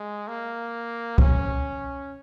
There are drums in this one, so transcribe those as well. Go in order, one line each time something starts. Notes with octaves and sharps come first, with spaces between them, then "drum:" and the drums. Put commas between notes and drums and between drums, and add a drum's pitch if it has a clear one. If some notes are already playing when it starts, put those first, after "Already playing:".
Already playing: G#3
A#3
C#4, drum: kick